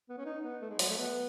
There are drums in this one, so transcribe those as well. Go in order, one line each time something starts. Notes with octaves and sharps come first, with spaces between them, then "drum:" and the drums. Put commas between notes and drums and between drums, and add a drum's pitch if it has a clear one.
B3
C#4
D#4
B3
A3
G#3
F#3, drum: open hi-hat
A3
B3